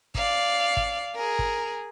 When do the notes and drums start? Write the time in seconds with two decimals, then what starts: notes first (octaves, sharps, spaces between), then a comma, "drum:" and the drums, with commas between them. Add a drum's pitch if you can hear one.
0.15 D5 F5, drum: kick G#1
0.77 drum: kick G#1
1.15 G#4 A#4
1.39 drum: kick G#1